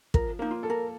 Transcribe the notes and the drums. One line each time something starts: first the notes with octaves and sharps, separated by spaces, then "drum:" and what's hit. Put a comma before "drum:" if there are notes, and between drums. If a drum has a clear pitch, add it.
F3 A#4, drum: kick
A#3 D#4
F4
A4
A#4